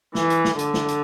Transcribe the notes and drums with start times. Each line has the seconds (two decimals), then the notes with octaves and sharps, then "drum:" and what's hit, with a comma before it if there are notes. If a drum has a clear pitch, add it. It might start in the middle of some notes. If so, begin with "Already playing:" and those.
0.15 E3, drum: snare
0.30 drum: hi-hat
0.45 drum: snare
0.59 D3, drum: hi-hat
0.74 drum: snare
0.88 drum: hi-hat